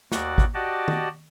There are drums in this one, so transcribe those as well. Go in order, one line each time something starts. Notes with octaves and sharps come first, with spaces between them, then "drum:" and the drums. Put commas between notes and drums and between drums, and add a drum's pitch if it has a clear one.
D#2 F#4 D5 F#5, drum: snare
drum: kick G#1
F#4 G4 D5 D#5 F#5 A5
drum: tom D#3